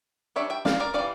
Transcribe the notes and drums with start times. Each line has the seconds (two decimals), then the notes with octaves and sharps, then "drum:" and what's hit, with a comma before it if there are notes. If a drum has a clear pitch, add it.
0.36 G3 D4 C#5 E5
0.50 E5 G5
0.65 D5 F5, drum: snare
0.80 A#4 D5
0.94 E3 G3 C#4 D5 F5